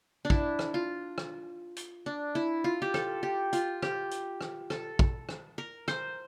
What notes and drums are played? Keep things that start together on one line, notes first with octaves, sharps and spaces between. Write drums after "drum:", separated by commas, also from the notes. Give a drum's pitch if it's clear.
D4
E4, drum: kick
drum: rim click
F4
drum: rim click
drum: hi-hat
D4
E4
F4
G4
A4, drum: rim click
G4
F4, drum: hi-hat
G4, drum: rim click
drum: hi-hat
drum: rim click
A4, drum: rim click
drum: kick
drum: rim click
A#4
C5, drum: rim click